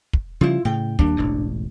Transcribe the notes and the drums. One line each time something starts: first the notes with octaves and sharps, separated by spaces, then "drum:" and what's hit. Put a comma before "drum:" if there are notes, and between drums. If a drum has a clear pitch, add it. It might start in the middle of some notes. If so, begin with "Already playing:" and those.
drum: kick
C#3 F3 G3 E4 F4
A2 C#3 G5
D#2 G3 A#3 D4, drum: kick
E1 A1 G#2